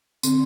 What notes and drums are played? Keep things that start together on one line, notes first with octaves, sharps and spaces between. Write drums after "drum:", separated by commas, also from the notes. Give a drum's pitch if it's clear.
D3 C4, drum: tambourine